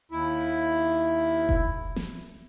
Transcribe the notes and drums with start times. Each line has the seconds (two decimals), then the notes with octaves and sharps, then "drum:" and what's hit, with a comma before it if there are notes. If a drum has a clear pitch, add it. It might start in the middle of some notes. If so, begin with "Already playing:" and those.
0.11 D#2 E4
1.49 drum: kick F1
1.96 drum: snare